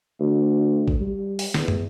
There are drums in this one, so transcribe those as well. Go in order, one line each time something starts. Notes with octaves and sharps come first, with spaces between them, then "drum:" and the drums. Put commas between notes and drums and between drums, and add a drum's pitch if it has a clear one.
D2
drum: kick
G3
drum: open hi-hat
E2, drum: snare
drum: tom